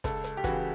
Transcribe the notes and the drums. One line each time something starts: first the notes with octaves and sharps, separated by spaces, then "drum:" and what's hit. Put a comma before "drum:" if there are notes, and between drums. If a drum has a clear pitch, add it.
C#2 A4, drum: kick, hi-hat
drum: hi-hat
G4
C#3 E3 F#4, drum: kick, hi-hat